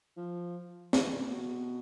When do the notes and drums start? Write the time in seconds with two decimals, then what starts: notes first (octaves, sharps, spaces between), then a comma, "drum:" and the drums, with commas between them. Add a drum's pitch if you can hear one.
0.17 F3
0.93 E3, drum: snare
1.11 C3
1.31 B2